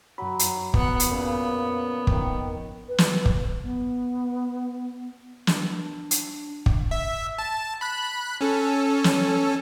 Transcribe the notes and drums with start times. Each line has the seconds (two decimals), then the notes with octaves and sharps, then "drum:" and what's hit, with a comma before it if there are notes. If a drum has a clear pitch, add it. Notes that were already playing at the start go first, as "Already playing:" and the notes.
0.18 F#2 F#3 B5
0.39 drum: hi-hat
0.74 F2 B3 F#5, drum: kick
1.00 drum: hi-hat
1.10 A#2 C#3 B3
2.07 F2 D#3 G5, drum: kick
2.88 B4
2.98 drum: snare
3.26 drum: kick
3.63 B3
5.47 D4, drum: snare
6.11 drum: hi-hat
6.66 drum: kick
6.91 E5
7.38 A5
7.81 B5 F#6
8.41 C#4 A4
9.04 drum: snare